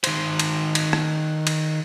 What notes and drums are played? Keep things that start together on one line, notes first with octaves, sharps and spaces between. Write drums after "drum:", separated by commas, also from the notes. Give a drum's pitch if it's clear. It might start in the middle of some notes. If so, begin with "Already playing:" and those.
D#3 C5, drum: cymbal
drum: cymbal
drum: cymbal
drum: rim click
drum: cymbal